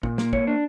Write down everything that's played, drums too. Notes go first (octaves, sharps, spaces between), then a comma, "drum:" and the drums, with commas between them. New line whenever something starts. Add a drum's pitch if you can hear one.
A#2, drum: kick
A#3, drum: snare
C#5, drum: kick
D4